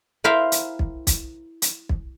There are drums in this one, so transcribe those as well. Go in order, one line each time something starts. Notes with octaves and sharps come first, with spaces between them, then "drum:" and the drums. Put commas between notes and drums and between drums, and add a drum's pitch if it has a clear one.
E4 A#4 C5 E5 F5 G5
drum: hi-hat
drum: kick
drum: kick, hi-hat
drum: hi-hat
drum: kick